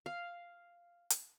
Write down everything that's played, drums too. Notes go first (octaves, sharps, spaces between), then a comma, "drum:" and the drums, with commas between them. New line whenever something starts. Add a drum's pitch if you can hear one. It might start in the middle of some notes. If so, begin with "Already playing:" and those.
F5
drum: hi-hat